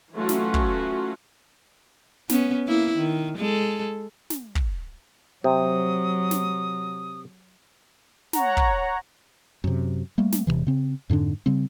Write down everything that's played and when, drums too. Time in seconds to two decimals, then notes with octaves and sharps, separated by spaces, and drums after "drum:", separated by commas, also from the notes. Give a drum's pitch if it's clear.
0.13 E3 F#3 A3 C#4 F4 F#4
0.29 drum: snare
0.54 drum: kick
2.29 B3 C#4, drum: snare
2.67 A#3 E4
2.97 D#3
3.38 G#3 A4
4.30 drum: snare
4.55 drum: kick
5.44 C3 F#3 D#6
6.31 drum: snare
8.33 C#5 F#5 A#5, drum: snare
8.57 drum: kick
9.64 F#2 C3
10.18 G3 A3 A#3
10.32 drum: snare
10.47 E1 G#2 C3 E3
10.67 C#3 C4
11.10 F2 G#2 D3 D4
11.46 C#3 G3 C4